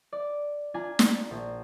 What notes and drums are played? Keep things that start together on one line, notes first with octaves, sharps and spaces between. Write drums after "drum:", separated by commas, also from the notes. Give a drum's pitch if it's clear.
D5
D4 F4 G#5 A#5
drum: snare
A#1